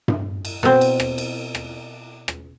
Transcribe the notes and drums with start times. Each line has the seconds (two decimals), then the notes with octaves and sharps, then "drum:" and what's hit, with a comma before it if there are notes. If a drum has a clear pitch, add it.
0.08 drum: tom G2
0.45 drum: cymbal
0.63 B2 C4
0.81 drum: cymbal
1.00 drum: rim click
1.18 drum: cymbal
1.55 drum: rim click
2.28 drum: rim click